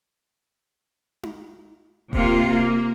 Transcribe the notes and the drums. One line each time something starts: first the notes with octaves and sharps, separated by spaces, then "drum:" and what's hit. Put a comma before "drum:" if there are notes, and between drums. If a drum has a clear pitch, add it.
drum: tom D#4
C3 A#3 F4, drum: kick D#1
A#3